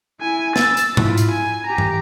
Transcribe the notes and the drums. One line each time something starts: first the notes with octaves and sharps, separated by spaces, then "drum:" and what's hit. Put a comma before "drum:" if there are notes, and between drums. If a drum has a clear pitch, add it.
E4 G#5
E6 A6, drum: snare
drum: hi-hat
E4 F4, drum: tom G#2
drum: hi-hat
G#5
G4 A#5
drum: tom